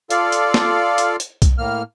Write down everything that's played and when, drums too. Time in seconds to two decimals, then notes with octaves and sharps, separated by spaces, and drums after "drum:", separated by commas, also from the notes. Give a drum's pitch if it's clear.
0.10 F4 A4 D5 F5, drum: hi-hat
0.32 drum: hi-hat
0.54 drum: snare
0.98 drum: hi-hat
1.20 drum: hi-hat
1.42 drum: kick B1, hi-hat
1.58 A2 A#3 F6